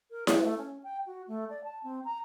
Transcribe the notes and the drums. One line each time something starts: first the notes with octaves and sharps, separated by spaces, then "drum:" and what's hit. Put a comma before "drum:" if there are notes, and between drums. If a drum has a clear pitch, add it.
A#4
F#4, drum: snare E4
A3
C#4
G5
F#4
A3
D5
A5
C4
A#5